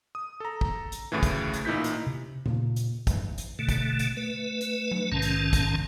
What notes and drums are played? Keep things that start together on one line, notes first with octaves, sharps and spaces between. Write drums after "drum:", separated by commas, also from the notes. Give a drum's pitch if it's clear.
D#6
A4 A#5
drum: kick
drum: hi-hat
D2 A2 C#3 E3
drum: kick, hi-hat
drum: hi-hat
A1 A#2 D#4 E4 G6 B6
drum: hi-hat
C3
A#2 C#3 A#3, drum: tom E2
drum: hi-hat
F#1 G#2 E3, drum: kick, hi-hat
drum: hi-hat
B2 D3 A3
drum: kick, hi-hat
drum: hi-hat
A3 B4
drum: hi-hat
drum: tom F#3
A#1 G#2 C3 D#3 C#4 A5
drum: hi-hat
drum: kick, hi-hat